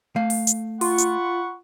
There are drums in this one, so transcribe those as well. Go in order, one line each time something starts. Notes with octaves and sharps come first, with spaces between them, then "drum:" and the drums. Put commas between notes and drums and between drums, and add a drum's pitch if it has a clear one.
A3 F5
drum: open hi-hat
drum: hi-hat
F4 F#5 B5 C#6, drum: open hi-hat
drum: hi-hat